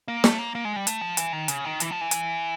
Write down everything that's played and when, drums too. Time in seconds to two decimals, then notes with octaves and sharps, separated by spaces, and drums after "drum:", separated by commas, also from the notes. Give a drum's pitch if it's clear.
0.08 A#3
0.24 A3, drum: snare
0.39 A#3
0.55 A#3
0.65 G#3
0.76 G3
0.87 A3, drum: hi-hat
1.01 F3
1.17 E3, drum: hi-hat
1.33 D#3
1.48 C#3, drum: hi-hat
1.65 D#3
1.80 E3, drum: hi-hat
1.91 F3
2.01 E3
2.11 drum: hi-hat